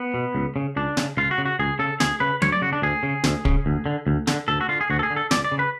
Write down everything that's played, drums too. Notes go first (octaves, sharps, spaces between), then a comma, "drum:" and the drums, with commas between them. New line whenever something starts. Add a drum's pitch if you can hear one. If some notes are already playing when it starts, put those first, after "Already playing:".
Already playing: B3
B2
C#2
C#3
C#2 D4
C#3, drum: snare
C#2 F4
F#4
C#3
F#4
C#2 G#4
C#3 A4
D2 G#4, drum: snare
C#3 B4
D2 C#5, drum: tom F#3
D5
C#3 F#4
D4
D2 G#4
C#3
D2, drum: snare
C#3, drum: kick
D2
D3
D2
D3, drum: snare
D2 A4
F#4
D3 F4
G#4
D2 F#4
A4
G#4
D3
A4
C#2 D5, drum: snare
D5
C#3
B4